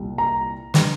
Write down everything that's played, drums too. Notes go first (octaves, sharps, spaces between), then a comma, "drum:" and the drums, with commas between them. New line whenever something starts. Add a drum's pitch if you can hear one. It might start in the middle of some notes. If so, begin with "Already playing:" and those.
Already playing: C2 A#2 G3
A#5
D3 G3, drum: snare